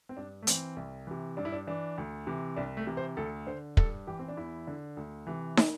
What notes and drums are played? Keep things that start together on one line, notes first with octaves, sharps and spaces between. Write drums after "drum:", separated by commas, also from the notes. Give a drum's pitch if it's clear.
C4
G2 D4
A3
E3 C4, drum: hi-hat
C2
C3 E3
G2 D4
E4
D4
E3 D4
D2
C3 E3
C2 D4
A3
C3 E3
C5
D2 A4
D3 C5
G2 A4, drum: kick
E3 G4
C4
D4
E2 E4
D3
D2
C3 E3
D4, drum: snare